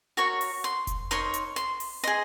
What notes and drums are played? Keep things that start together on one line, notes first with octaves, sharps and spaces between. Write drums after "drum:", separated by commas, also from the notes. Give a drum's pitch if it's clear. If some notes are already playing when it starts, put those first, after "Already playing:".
F#4 A#4 C#5 C#6
drum: open hi-hat
C6
drum: kick F1, hi-hat
D#4 A#4 C#5 C6
drum: hi-hat
C6, drum: snare
drum: open hi-hat
G#4 D#5 C6